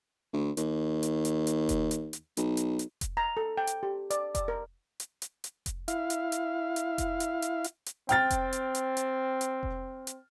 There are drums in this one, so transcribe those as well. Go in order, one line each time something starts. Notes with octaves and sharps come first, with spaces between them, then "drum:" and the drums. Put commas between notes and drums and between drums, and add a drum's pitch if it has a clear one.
D2
D#2, drum: hi-hat
drum: hi-hat
drum: hi-hat
drum: hi-hat
drum: kick F1, hi-hat
drum: hi-hat
drum: hi-hat
B1, drum: hi-hat
drum: hi-hat
drum: hi-hat
drum: kick F1, hi-hat
A#5
A4
G5
drum: hi-hat
G4
D5, drum: hi-hat
D5, drum: kick F1, hi-hat
A#4
drum: hi-hat
drum: hi-hat
drum: hi-hat
drum: kick F1, hi-hat
E4 F5, drum: hi-hat
drum: hi-hat
drum: hi-hat
drum: hi-hat
drum: kick F1, hi-hat
drum: hi-hat
drum: hi-hat
drum: hi-hat
drum: hi-hat
C4 G5 F6 A6, drum: hi-hat
drum: kick F1, hi-hat
drum: hi-hat
drum: hi-hat
drum: hi-hat
drum: hi-hat
drum: kick F1
drum: hi-hat